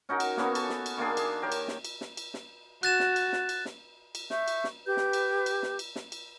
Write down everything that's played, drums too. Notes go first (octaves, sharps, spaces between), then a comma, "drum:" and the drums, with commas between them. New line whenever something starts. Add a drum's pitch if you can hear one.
C#4 D#4 F#4 A#4
drum: cymbal
A#3 B3 C#4, drum: snare
A4, drum: cymbal
drum: snare
drum: cymbal
D#3 A#3 D4 G#4
G#4, drum: cymbal
G4 A#4 C#5
drum: cymbal
drum: snare
drum: cymbal
drum: snare
drum: cymbal
drum: snare
F#4 F#6 A6 E7, drum: cymbal
drum: snare
drum: cymbal
drum: snare
drum: cymbal
drum: snare
drum: cymbal
E5 C#6 G6, drum: snare
drum: cymbal
drum: snare
G4 B4 G6
drum: snare
drum: cymbal
drum: cymbal
drum: snare
drum: cymbal
drum: snare
drum: cymbal